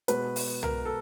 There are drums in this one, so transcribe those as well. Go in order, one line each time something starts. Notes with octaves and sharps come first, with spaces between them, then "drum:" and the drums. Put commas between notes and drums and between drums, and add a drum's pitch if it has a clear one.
B2 G#3 B3 B4, drum: hi-hat
drum: open hi-hat
A#4, drum: tom
A4